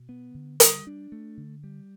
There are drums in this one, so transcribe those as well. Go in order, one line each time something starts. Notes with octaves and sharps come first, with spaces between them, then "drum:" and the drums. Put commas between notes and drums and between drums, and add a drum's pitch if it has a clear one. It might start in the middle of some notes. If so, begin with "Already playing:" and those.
Already playing: B2
B3
D3
G3, drum: hi-hat
D4
A3
D3
G3